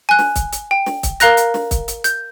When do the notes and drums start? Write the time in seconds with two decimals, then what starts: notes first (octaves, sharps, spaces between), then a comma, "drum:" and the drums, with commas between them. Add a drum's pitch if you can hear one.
0.09 G#5 F#6
0.19 drum: snare
0.36 drum: kick, hi-hat
0.53 drum: hi-hat
0.71 G5
0.86 drum: snare
1.03 drum: kick, hi-hat
1.20 A#4 F5 A#5 F#6 A#6, drum: hi-hat
1.37 drum: hi-hat
1.54 drum: snare
1.71 drum: kick, hi-hat
1.88 drum: hi-hat
2.04 G6, drum: hi-hat